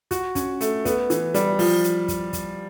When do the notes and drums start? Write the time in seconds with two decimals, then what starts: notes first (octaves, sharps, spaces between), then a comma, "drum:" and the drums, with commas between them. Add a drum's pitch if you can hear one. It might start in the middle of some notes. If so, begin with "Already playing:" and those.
0.11 F#4, drum: kick, hi-hat
0.35 C#4, drum: kick, hi-hat
0.61 A3, drum: hi-hat
0.85 B3, drum: kick, hi-hat
1.10 E3, drum: hi-hat
1.34 G3, drum: hi-hat
1.59 F3, drum: open hi-hat
1.84 drum: hi-hat
2.08 drum: kick, hi-hat
2.33 drum: kick, hi-hat